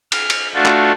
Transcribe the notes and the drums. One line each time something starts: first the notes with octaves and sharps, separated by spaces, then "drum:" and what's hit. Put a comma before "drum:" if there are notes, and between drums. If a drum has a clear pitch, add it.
F6, drum: cymbal
drum: cymbal
A3 D4 F4 F#4 A4
drum: clap